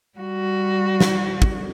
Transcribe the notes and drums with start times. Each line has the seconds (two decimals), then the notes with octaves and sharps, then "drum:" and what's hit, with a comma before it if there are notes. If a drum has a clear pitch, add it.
0.18 G3 F#4
1.00 drum: snare
1.42 drum: kick